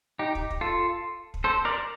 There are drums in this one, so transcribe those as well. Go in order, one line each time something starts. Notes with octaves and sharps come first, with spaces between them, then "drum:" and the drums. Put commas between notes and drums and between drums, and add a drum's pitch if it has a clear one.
D#4 G4
drum: kick
drum: kick
F4 A4
drum: kick
A4 C5
A#4 D5